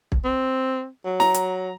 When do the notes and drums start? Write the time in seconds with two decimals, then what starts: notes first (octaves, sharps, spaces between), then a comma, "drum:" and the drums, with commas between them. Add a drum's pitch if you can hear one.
0.12 drum: kick
0.25 C4
1.05 F#3
1.20 A#5, drum: snare
1.34 drum: hi-hat